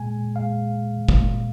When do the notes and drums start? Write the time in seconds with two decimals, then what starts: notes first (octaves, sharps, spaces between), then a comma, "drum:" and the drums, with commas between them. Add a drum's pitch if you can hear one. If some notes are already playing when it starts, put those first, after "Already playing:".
Already playing: A#2 G#3 G#5
0.35 A#2 G#3 F5
1.09 A#2 G#3, drum: kick